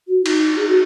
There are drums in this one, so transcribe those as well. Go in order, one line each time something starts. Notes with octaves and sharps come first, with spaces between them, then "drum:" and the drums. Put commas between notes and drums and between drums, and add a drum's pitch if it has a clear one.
F#4
D#4, drum: cymbal
G#4
F#4